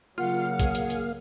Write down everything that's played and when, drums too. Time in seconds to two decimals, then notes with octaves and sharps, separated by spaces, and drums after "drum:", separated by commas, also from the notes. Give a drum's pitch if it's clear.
0.18 C#3 F#3 A#3 F4 F5 F#5
0.60 G#4, drum: kick, hi-hat
0.75 drum: hi-hat
0.90 drum: hi-hat